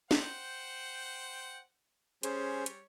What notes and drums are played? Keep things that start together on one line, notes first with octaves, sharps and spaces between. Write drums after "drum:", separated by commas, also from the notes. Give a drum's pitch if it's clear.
C5 F#5 G5, drum: snare
G3 C#4 G#4 C5 C#5, drum: hi-hat
drum: hi-hat